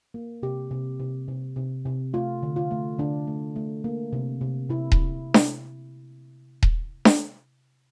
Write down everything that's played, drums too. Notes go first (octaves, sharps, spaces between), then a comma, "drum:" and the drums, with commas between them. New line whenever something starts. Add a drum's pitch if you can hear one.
A#3
C3 G4
C3
C3
C3
C3
C3
A3 F4
D3
F4
A3
D3 D4
A3
A3
A#3
C3
C3
C3 E4
drum: kick D#1
drum: snare D4
drum: kick D#1
drum: snare D4